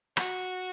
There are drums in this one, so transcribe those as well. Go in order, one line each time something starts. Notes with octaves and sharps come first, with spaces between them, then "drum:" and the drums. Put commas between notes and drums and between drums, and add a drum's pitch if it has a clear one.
F#4, drum: rim click